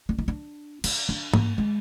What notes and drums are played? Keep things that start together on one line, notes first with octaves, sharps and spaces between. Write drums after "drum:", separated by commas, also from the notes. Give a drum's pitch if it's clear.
D4
D#4
D4
D4, drum: cymbal
D4
A#3, drum: tom G#2
G#3